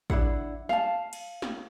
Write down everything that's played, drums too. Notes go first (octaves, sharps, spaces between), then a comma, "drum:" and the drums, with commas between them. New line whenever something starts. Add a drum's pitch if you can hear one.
D4 E4 G#4 F#5, drum: kick A1
F5 A5, drum: snare
drum: cymbal
drum: snare